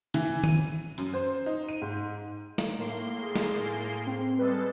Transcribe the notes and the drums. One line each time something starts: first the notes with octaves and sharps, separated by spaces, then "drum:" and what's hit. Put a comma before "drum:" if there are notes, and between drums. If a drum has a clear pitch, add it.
E3, drum: hi-hat
D#7, drum: tom D#3
F#2, drum: hi-hat
C5
D#4
D#7
G#2
drum: snare
A2 A#3 C6
G#4
drum: snare
C4
G3 G#3 A4 B4